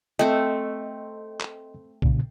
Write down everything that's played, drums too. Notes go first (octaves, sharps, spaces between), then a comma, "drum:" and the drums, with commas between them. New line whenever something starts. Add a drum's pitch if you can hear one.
A3 C4 D#5 G5
drum: clap
A#2 C#3, drum: kick